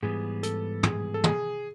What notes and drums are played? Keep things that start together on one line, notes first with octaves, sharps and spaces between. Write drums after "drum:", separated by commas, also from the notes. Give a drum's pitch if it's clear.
G#2 E3 G3 B3 G#4
A4, drum: hi-hat
G#4, drum: tom
A4
G#4, drum: tom